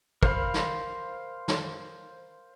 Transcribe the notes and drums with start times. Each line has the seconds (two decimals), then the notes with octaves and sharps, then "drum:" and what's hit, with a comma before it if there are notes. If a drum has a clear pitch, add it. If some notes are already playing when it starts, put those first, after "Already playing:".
0.23 A#4 C5 F5 B5, drum: kick
0.54 drum: snare
1.48 drum: snare